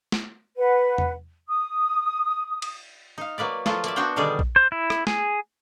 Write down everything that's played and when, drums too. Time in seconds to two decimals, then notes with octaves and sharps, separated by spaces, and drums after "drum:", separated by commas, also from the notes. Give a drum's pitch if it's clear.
0.12 drum: snare
0.56 B4 F#5
0.98 drum: tom E2
1.47 D#6
2.62 drum: cymbal
3.18 D#4 F5
3.38 F#3 A#3 B4 D5
3.66 F3 F#3 F4 A4, drum: snare
3.84 A#3 D5 E5, drum: hi-hat
3.96 B3 D4 F#4 C5 F#5 G5
4.16 B2 D3 D#3 G3 G#4 D5
4.39 drum: kick A#1
4.56 C5
4.72 E4
4.90 drum: rim click
5.07 G#4, drum: snare